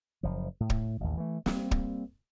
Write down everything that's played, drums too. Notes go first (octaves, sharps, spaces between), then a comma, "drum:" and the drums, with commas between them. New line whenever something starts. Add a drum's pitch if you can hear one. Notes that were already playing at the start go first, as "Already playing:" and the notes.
F#1 F3
A2
drum: kick
A1 D#2
E3 A3
G3 A#3 C4, drum: snare
drum: kick